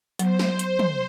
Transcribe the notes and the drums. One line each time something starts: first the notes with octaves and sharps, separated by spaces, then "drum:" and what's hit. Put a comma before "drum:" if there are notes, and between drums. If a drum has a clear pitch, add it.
F#3 B3 C5, drum: hi-hat
drum: snare
drum: hi-hat
drum: tom